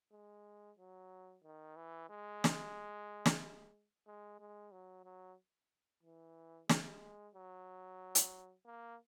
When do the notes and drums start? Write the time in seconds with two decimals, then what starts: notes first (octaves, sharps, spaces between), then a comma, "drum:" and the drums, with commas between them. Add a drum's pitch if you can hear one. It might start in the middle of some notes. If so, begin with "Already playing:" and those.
0.12 G#3
0.79 F#3
1.44 D#3
1.76 E3
2.10 G#3
2.44 drum: snare
3.25 drum: snare
4.07 G#3
4.40 G#3
4.72 F#3
5.04 F#3
6.03 E3
6.69 G#3, drum: snare
7.35 F#3
8.15 drum: hi-hat
8.66 A#3